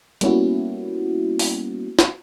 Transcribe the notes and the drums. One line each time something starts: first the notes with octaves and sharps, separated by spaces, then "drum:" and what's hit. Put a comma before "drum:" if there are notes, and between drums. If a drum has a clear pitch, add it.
G3 A#3 B3 C#4 E4 F#4, drum: hi-hat
drum: open hi-hat
drum: snare